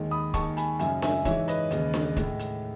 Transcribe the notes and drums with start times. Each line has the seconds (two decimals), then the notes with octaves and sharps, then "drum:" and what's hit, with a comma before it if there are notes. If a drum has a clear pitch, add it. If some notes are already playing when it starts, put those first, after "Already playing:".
Already playing: D#2 D#3 G#3
0.11 B5 D#6
0.34 D#2 D#3 G#3 A5 C#6, drum: kick, hi-hat
0.57 G#5 B5, drum: hi-hat
0.79 F#2 C#3 G#3 E5 G#5, drum: hi-hat
1.02 E5 G#5, drum: snare D4
1.25 G#2 E3 G#3 C#5 E5, drum: kick, hi-hat
1.48 B4 D#5, drum: hi-hat
1.71 D#2 C#3 G#3, drum: hi-hat
1.94 drum: snare D4
2.17 A2 G#3, drum: kick, hi-hat
2.39 drum: hi-hat